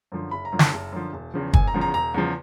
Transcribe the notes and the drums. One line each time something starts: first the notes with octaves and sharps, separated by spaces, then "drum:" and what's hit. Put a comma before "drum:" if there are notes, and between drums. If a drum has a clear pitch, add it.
F#2 D3 F3
F#1 B5
A#5
F#2 D3 F3
A5, drum: snare
F#1
F#2 D3 F3
E1
E2 C#3 F3
E1 G#5, drum: kick
A#5
E2 C#3 F3
A#5
E1 A#5
E2 C#3 F3